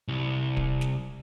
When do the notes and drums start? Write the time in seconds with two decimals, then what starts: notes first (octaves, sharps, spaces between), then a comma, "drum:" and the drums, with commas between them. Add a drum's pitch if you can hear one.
0.08 C2
0.57 drum: kick
0.81 drum: snare